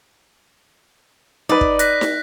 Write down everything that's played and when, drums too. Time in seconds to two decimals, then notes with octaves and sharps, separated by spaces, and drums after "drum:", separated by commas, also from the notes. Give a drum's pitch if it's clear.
1.49 D#4 B4 D5
1.61 drum: kick
1.79 F#6 A#6 B6, drum: hi-hat
2.01 drum: snare